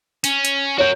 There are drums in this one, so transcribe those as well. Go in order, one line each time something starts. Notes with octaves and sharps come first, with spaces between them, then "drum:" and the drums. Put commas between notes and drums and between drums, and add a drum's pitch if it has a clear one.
C#4, drum: hi-hat
drum: hi-hat
F#4 A#4 C#5 G6